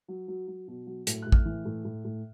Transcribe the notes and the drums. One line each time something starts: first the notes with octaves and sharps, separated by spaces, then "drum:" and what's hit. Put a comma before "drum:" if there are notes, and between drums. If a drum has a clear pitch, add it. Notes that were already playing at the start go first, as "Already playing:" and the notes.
F#3
F#3
F#3
B2
F#3
A2, drum: hi-hat
A2 F#6
F6, drum: kick A1
E3
A2
A2
A2